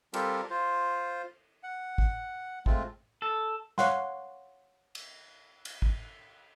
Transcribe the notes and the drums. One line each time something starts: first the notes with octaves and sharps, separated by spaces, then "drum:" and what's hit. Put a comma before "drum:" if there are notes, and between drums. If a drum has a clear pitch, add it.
G3 C4 F4 G4 A4 A#4, drum: cymbal
F4 C5
F#5
drum: kick G#1
G#3 A3 C4 F4, drum: kick G#1
A4
C#5 F5 F#5 C6, drum: snare
drum: cymbal
drum: cymbal
drum: kick G#1